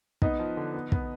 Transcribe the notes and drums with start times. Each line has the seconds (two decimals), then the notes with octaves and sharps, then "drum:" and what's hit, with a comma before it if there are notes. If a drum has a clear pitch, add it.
0.22 B3 D#4, drum: kick
0.39 F3
0.57 D3
0.74 B3
0.92 B3, drum: kick